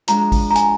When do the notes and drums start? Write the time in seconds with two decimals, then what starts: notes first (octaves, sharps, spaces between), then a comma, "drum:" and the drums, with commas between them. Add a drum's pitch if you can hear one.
0.08 F3 G#3 D4 A#5, drum: hi-hat
0.32 drum: kick A1, open hi-hat
0.51 A#5
0.55 G#5, drum: hi-hat